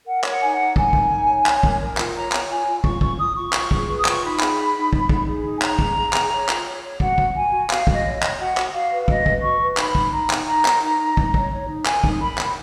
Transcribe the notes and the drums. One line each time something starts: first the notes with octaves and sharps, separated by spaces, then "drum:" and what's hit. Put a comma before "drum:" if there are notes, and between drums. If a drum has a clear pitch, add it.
A#4 F#5
C#5, drum: clap
F#5
D#4 G#5
F#5
D#4
A#4 G#5, drum: kick
D#4, drum: kick
D#4
C#5
C#5, drum: clap
A#4, drum: kick
A#4
F4, drum: clap
C#5 A#5
C#5, drum: clap
F4 G#5
F4
F4 C#6, drum: kick
F4 C#6, drum: kick
F4 D#6
F4 C#6
F4, drum: clap
G#4, drum: kick
B4
D#6
F4, drum: clap
C#6
D#4 B5
G#4, drum: clap
D#4
D#4
D#4, drum: kick
D#4, drum: kick
G#4
D#4
G#5
C#5 A#5, drum: clap
G#4, drum: kick
G#4
G#4, drum: clap
C#5
F4, drum: clap
C#5
C#5
F#4 F#5, drum: kick
F#4, drum: kick
F#4 G#5
F#4
F#4 F5, drum: clap
F#4, drum: kick
D#5
C#5
D#5
C#5, drum: clap
F#4 F#5
F#4, drum: clap
F#4 F5
B4
F#4 D#5, drum: kick
B4, drum: kick
F#4 C#6
B4
D#4 B5, drum: clap
D#4, drum: kick
D#4 A#5
D#4, drum: clap
D#4 A#5
A#4, drum: clap
D#4
D#4
D#4, drum: kick
C#5, drum: kick
C#5
D#4
A#4 G#5, drum: clap
D#4, drum: kick
A#4 B5
A#4, drum: clap